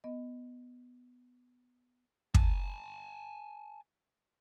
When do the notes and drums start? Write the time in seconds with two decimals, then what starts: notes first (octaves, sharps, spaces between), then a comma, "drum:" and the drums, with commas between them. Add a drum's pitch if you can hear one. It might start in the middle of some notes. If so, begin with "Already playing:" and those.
0.04 B3 D#5
2.34 G#5 A5, drum: kick